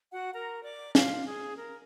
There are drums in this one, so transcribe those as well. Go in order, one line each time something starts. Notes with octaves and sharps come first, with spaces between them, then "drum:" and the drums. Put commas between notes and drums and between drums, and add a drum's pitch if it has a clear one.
F#4 F#5
A#4 A#5
D5 D6
F4 F5, drum: snare
G#4
A#4